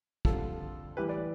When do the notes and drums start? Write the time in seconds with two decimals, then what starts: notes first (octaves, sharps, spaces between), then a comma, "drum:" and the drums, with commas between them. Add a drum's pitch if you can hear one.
0.25 F2 D3 G3 F4 A4, drum: kick
0.97 A2 E3 G3 G4 B4
1.08 B4 D5